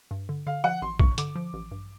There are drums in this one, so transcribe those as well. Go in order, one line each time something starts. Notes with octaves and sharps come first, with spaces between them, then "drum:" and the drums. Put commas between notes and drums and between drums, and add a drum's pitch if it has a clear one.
G2
D3
D3 F5
F3 F#5
A1 C6
G2 C#6, drum: kick
D3 D6, drum: hi-hat
F3
A1
G2